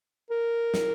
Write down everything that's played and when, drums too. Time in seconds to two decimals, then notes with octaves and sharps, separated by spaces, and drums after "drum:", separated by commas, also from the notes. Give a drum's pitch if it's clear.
0.31 A#4
0.74 drum: snare